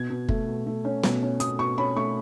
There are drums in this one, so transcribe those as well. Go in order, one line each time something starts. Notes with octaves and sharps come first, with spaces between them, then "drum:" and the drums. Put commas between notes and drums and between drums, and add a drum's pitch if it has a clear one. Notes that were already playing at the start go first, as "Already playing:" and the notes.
Already playing: B2 G#6
B2
A3, drum: kick
B2
A3
C#4
B2, drum: snare
C#4
B2 D#6, drum: hi-hat
B2 C#6
C#4 B5
A3 C#6